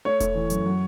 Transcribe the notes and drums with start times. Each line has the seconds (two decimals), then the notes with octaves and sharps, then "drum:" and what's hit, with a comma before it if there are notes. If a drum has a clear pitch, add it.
0.05 A3 C#5
0.20 A3, drum: kick E1, hi-hat
0.35 E3
0.50 F#2, drum: hi-hat
0.66 F#3